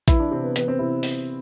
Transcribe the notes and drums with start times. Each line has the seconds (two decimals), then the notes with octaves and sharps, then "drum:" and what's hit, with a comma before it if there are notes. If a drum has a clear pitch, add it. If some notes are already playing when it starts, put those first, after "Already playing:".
0.08 E3 E4, drum: kick A#1, hi-hat
0.20 D4
0.31 C3 C4
0.44 B3
0.56 E3 B3, drum: hi-hat
0.68 C4
0.79 C3 E4
1.03 drum: open hi-hat